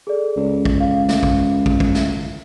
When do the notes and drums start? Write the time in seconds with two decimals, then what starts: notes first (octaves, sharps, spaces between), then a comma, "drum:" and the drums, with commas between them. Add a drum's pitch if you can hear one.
0.07 G#4 A4 D5
0.37 C#2
0.65 drum: kick
0.80 F5
1.09 drum: snare
1.23 drum: kick
1.66 drum: kick
1.80 drum: kick
1.95 drum: snare